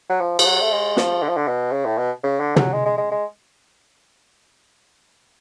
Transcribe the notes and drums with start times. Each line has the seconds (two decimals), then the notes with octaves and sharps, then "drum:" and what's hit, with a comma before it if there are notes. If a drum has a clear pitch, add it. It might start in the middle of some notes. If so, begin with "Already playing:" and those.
0.10 F#3
0.20 F3
0.39 F3, drum: cymbal
0.46 F#3
0.61 A3
0.72 G#3
0.97 F3, drum: snare
1.22 D3
1.29 F3
1.36 D3
1.48 B2
1.72 C#3
1.85 A2
1.98 B2
2.24 C#3
2.40 D3
2.56 F#3, drum: tom
2.73 G#3
2.85 G#3
2.98 G#3
3.11 G#3